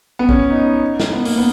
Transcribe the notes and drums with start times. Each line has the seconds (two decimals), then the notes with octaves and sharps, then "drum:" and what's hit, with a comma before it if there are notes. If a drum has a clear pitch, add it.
0.19 B3
0.29 C#4, drum: kick B1
0.50 D#4
1.00 drum: snare
1.13 B3
1.25 A#3, drum: open hi-hat
1.38 B3